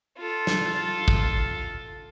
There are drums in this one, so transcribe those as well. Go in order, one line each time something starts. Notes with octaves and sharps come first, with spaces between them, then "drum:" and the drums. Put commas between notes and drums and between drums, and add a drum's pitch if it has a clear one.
F4 A4
drum: snare
drum: kick